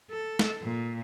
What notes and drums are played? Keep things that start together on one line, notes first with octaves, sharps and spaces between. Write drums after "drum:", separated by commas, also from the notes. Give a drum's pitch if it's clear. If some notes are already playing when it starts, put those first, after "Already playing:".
A4
drum: snare
A#2